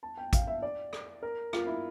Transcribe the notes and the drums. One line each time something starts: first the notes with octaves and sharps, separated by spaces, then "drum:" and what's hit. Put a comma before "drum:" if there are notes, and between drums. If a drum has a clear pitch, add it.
A5
G5
F5, drum: kick A1, hi-hat
E5
D5
drum: rim click
A#4
F4, drum: rim click
E4